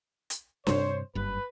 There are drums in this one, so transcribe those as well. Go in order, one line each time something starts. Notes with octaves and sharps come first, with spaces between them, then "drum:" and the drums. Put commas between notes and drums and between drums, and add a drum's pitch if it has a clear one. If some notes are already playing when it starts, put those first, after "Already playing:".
drum: hi-hat
G2 C3 G3 C5 C#5, drum: snare D4
F#1 G2 B4